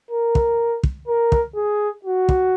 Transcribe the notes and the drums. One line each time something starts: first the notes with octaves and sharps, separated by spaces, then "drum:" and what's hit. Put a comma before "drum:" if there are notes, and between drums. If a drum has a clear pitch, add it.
A#4
drum: kick
drum: kick
A#4
drum: kick
G#4
F#4
drum: kick